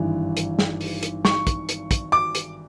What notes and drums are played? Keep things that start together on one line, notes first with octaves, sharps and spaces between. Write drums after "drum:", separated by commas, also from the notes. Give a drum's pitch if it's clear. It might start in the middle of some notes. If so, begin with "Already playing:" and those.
Already playing: G#1 G2 E3
drum: hi-hat
drum: snare
drum: open hi-hat
drum: hi-hat
C#6, drum: snare
drum: kick, hi-hat
drum: hi-hat
drum: kick, hi-hat
D6
drum: hi-hat